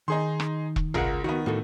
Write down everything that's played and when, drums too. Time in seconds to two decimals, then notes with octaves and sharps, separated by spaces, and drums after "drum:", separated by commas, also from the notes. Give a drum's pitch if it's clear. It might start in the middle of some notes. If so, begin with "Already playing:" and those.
0.08 D#3 D#4 G#4 C6
0.40 drum: rim click
0.76 drum: kick E1
0.94 C#2 F4 G#4 A#4 F#5, drum: tom G#1
1.24 D#3 B3 F#4
1.46 A2 F#4 A4